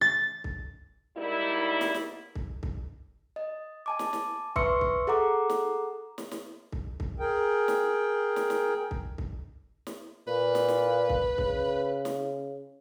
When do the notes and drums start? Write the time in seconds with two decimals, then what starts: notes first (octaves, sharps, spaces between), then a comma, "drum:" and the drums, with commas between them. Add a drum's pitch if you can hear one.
0.01 A6
0.44 drum: kick C2
1.17 G#2 G3 A#3 D#4 E4
1.81 drum: snare
1.94 drum: snare
2.35 drum: kick C2
2.63 drum: kick C2
3.36 D#5
3.86 G#5 A5 D6
3.99 drum: snare
4.13 drum: snare
4.56 B4 E5 C6 C#6 E6 C#7, drum: kick C2
4.81 drum: kick C2
5.07 G#4 A4 F#5 A#5 D6
5.50 drum: snare
6.18 drum: snare
6.31 drum: snare
6.72 drum: kick C2
7.00 drum: kick C2
7.19 G#4 A#4 G5
7.68 drum: snare
8.36 drum: snare
8.50 drum: snare
8.91 drum: kick C2
9.18 drum: kick C2
9.87 drum: snare
10.27 A#2 B4
10.55 drum: snare
10.68 drum: snare
11.09 drum: kick C2
11.38 C#3, drum: kick C2
12.05 drum: snare